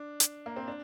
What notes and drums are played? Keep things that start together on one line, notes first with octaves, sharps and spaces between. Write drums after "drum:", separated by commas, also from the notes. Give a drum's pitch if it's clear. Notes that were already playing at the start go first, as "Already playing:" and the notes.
Already playing: D4
drum: hi-hat
A#3
C4
D4